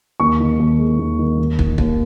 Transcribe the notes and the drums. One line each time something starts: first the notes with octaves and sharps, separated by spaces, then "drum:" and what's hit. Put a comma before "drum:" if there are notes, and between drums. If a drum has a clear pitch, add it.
D#2 C#6
D#3
D#2
G#3
D#2
D#3
D#2
D#3, drum: kick
D#2, drum: kick